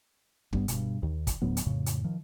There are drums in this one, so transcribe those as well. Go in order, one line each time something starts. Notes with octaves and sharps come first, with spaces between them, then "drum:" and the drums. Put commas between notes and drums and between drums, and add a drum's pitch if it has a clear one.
G2 G3 B3, drum: kick
G2 B2, drum: hi-hat
D#2 D#3
drum: kick, hi-hat
D2 A2 F#3 B3
drum: hi-hat
F2 A2 C#3
drum: hi-hat
D#3 F3